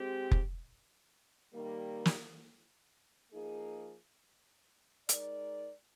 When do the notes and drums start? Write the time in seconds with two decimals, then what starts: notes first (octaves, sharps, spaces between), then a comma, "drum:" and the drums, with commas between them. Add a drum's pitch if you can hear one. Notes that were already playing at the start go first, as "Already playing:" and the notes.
Already playing: G#3 C4 G4
0.31 drum: kick F1
1.54 D#3 G3 A#3
2.06 drum: snare
3.32 F3 A#3 D#4 G#4
5.09 G#3 D#4 A#4 D5, drum: hi-hat